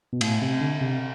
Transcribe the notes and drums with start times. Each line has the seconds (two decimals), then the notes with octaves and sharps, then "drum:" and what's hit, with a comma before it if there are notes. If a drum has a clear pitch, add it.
0.13 B2
0.21 A2, drum: cymbal
0.42 C3
0.61 D3
0.81 C3